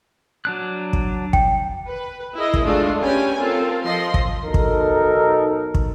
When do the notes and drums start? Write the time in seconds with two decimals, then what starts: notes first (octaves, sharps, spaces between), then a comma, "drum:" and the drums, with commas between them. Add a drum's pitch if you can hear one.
0.45 F#3 D4 F#6
0.93 drum: kick
1.33 G5, drum: kick
1.87 B4
2.36 E4 G#4 A#4 D#5
2.54 drum: kick
2.64 G#3 A3 D4 F4 A4
3.01 G3 C#4 B4 G5 G#5
3.39 C4 F4 A4 A#4
3.85 F3 D#5 C6
4.14 drum: kick
4.44 B1 D#4 A4 A#4
4.54 drum: kick
5.74 drum: kick